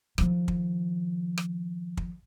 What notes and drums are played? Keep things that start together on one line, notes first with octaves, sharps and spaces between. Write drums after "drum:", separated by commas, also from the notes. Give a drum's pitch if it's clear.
D#3 F3, drum: rim click
drum: kick
drum: rim click
drum: kick